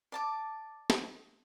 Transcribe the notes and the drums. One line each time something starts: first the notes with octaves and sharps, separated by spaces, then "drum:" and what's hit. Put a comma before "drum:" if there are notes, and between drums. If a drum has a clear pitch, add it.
D5 A5 D6
drum: snare